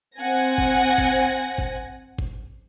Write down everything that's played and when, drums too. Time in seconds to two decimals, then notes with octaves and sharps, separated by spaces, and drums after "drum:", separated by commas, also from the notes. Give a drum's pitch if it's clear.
0.18 C4 F#5 G#5 A#6
0.58 drum: kick G1
0.98 drum: kick G1
1.58 drum: kick G1
2.18 drum: kick G1